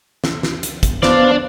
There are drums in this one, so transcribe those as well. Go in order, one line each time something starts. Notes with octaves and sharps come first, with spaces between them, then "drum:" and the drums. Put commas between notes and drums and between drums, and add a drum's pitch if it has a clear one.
drum: snare
drum: snare
drum: hi-hat
drum: kick, hi-hat
B3 D4 C5 D5 F5, drum: snare